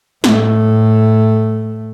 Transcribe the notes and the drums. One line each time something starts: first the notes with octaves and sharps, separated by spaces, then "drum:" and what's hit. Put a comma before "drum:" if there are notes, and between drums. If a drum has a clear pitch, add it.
A2 A3, drum: snare